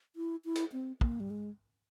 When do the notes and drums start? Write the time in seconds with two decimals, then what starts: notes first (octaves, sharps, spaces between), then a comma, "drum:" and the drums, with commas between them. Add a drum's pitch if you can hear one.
0.16 E4
0.45 E4
0.55 drum: hi-hat
0.72 C4
1.01 A#3, drum: kick
1.20 G3
1.30 G#3